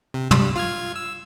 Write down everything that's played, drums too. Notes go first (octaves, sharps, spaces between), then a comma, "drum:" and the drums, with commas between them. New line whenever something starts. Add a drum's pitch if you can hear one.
C3
G2 G3, drum: tom
F4 F6 G#6
E6